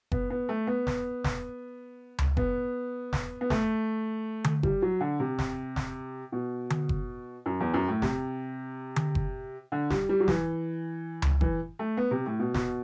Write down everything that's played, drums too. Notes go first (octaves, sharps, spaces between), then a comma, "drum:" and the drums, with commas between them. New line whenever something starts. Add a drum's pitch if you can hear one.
B3, drum: kick F#1
B3
A3
B3
drum: snare
drum: snare
drum: tom C#2
B3, drum: kick F#1
drum: snare
B3
A3, drum: snare
drum: tom D3
G3, drum: kick F#1
F#3
D3
C3
drum: snare
drum: snare
B2
drum: tom D3
drum: kick F#1
F#2
E2
F#2
A2
C3, drum: snare
drum: tom D3
drum: kick F#1
D3
G3, drum: snare
G3
F#3
E3, drum: snare
drum: tom C#2
E3, drum: kick F#1
A3
B3
C3
A2
B2
B2, drum: snare